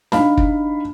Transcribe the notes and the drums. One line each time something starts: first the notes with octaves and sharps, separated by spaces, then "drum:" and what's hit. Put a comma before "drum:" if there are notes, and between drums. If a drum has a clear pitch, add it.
D4 D#4 F5 B5, drum: snare
drum: kick